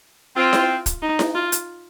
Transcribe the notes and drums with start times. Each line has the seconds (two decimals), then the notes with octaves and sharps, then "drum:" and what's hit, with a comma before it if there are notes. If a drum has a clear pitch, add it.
0.36 C4 F4
0.53 drum: snare E4
0.86 drum: kick, hi-hat
1.02 D#4
1.19 drum: snare E4
1.35 F4
1.52 drum: hi-hat